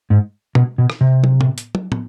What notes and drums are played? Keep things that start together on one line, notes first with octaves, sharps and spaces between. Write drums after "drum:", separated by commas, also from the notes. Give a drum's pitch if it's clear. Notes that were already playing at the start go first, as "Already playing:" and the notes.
G#2
B2, drum: tom
B2
drum: rim click
C3
drum: tom
drum: tom
drum: hi-hat
drum: tom
drum: tom